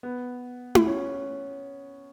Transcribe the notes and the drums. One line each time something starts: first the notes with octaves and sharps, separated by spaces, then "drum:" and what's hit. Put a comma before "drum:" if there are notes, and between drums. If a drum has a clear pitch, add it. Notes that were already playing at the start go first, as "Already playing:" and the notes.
B3
drum: tom E4
C#4